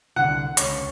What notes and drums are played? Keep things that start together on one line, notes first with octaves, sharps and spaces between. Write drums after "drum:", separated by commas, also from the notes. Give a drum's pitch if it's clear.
C2 D3 F#5
C#2 C#5, drum: hi-hat